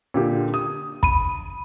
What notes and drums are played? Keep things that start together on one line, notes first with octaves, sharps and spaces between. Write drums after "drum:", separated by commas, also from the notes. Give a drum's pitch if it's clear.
A#2 D3 G4
D#6
B5 D#7, drum: kick